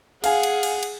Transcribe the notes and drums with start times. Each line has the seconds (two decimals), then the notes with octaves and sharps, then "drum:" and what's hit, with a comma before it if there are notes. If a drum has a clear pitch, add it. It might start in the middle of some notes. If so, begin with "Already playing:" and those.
0.24 G#4 F5 F#5 G#5, drum: cymbal
0.43 drum: cymbal
0.63 drum: cymbal
0.83 drum: cymbal